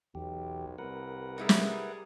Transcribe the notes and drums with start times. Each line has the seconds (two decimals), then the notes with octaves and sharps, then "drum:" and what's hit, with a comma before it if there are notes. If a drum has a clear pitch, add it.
0.15 B1 E2 G4
0.78 C2 A#4 B4 F#5
1.38 G3 D#4 E4 G#4 E5
1.49 drum: snare